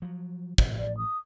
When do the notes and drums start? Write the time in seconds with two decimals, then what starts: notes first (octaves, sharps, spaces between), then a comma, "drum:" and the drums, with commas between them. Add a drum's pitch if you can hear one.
0.02 F3 F#3
0.58 A1 A2 F3, drum: kick
0.78 D5
0.97 D#6